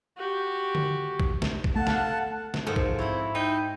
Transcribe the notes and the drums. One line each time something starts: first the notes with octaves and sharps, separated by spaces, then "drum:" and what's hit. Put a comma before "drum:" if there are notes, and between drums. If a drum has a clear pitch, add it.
F#4 G4
drum: tom D3
drum: kick A#1
drum: snare
drum: kick A#1
A3 A4 F5 F#5 A5
drum: snare
drum: snare
G#2 D#3 F3 F#4 A4
drum: kick A#1
C4 E4 C#5 F#5
D#4 G5